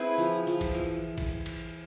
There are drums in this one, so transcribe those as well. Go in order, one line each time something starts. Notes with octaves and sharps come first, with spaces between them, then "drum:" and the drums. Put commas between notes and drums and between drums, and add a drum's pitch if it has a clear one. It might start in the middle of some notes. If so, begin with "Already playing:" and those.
Already playing: C4 E4 G#4 B4
F3
F3
drum: kick, cymbal
E3
drum: kick, cymbal
drum: cymbal